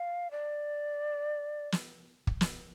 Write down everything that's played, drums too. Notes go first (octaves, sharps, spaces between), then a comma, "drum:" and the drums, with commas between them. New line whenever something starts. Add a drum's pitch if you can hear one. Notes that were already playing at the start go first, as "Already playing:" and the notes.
Already playing: F5
D5
drum: snare
drum: kick
drum: snare